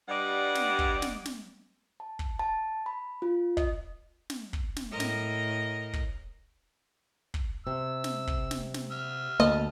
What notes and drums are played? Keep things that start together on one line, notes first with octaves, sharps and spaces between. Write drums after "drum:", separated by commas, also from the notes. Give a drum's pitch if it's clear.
G2 G3 D5 D#5 F#5
drum: snare
drum: kick
drum: snare
drum: snare
A5
drum: kick
A5
B5
F4
D#5, drum: kick
drum: snare
drum: kick
drum: snare
A2 A#4 D#5
drum: snare
drum: kick
drum: kick
C3 E6
drum: snare
drum: kick
drum: snare
drum: snare
E5 F6
D2 A#3 D#5 A5